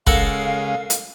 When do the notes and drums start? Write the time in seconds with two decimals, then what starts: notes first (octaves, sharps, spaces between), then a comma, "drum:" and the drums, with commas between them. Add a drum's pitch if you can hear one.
0.07 C#3 G#3 A4 A#4 F5 F#5, drum: kick
0.90 drum: hi-hat